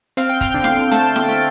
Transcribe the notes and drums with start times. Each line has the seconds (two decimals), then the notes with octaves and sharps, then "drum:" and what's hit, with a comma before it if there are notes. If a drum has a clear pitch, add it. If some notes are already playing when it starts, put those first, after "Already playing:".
0.17 C4 F5, drum: hi-hat
0.29 G5
0.41 F5, drum: kick, hi-hat
0.52 D3 G5
0.64 F5, drum: snare E4
0.91 A3 A5, drum: hi-hat
1.16 G5, drum: snare E4
1.29 A3